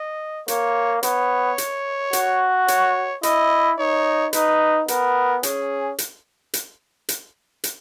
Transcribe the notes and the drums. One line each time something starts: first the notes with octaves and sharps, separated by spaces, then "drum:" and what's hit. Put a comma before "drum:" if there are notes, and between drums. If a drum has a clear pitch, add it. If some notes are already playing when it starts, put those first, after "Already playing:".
Already playing: D#5
A#3 C#5, drum: hi-hat
B3 C#5, drum: hi-hat
drum: hi-hat
F#4, drum: hi-hat
C#5, drum: hi-hat
E4 D#5, drum: hi-hat
D#4 C#5
D#4 B4, drum: hi-hat
B3 A#4, drum: hi-hat
C#4 G#4, drum: hi-hat
drum: hi-hat
drum: hi-hat
drum: hi-hat
drum: hi-hat